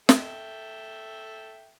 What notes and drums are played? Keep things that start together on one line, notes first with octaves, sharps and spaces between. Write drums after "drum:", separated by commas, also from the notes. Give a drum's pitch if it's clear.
A4 E5 G5, drum: snare